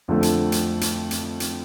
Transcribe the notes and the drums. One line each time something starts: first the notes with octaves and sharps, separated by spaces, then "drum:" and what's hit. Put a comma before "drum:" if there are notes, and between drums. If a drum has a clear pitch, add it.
F2 D3 F3 A3
drum: hi-hat
drum: hi-hat
drum: hi-hat
drum: hi-hat
drum: hi-hat